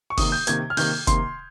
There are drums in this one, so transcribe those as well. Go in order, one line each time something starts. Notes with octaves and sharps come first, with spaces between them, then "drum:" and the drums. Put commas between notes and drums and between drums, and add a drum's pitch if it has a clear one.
C#6
C3 D#3 A#3 D#6, drum: kick F#1, open hi-hat
G6
C3 D#3 A#3 G#6, drum: hi-hat
F6
C3 D#3 A#3 G6, drum: open hi-hat
C3 D#3 A#3 C6, drum: kick F#1, hi-hat